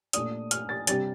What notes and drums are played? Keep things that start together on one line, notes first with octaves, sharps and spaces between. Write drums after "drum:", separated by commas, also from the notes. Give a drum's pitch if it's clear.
A#2 A3 D4 D#6, drum: hi-hat
F6, drum: hi-hat
A6
C3 G3 D4 A6, drum: hi-hat